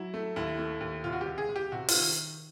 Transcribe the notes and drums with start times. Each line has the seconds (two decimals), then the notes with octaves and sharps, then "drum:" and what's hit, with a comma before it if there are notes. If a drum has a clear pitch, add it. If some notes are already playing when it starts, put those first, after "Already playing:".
Already playing: F#3 E4
0.14 A3
0.36 D#2 E4
0.59 A3
0.81 D#2
1.04 C3 F4
1.13 F#4
1.21 G4
1.26 C#2
1.38 G#4
1.49 C#2
1.56 G4
1.72 C3 F#4
1.88 F4, drum: open hi-hat
1.94 D#3